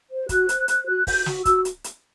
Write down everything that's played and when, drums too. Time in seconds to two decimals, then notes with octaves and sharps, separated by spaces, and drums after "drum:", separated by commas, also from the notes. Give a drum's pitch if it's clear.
0.10 C5
0.29 F#4 F#6, drum: kick, hi-hat
0.49 C5, drum: hi-hat
0.68 C5, drum: hi-hat
0.87 F#4 F#6
1.07 F#4 G6, drum: kick, open hi-hat
1.26 F#4, drum: snare
1.45 F#4 E6, drum: kick, hi-hat
1.65 drum: hi-hat
1.84 drum: hi-hat